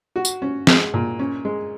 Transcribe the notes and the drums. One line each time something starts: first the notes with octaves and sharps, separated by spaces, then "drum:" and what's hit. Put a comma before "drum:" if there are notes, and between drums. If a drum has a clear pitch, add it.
F#4
drum: tambourine
C#4
G#3, drum: snare
A#2
C#4
G#3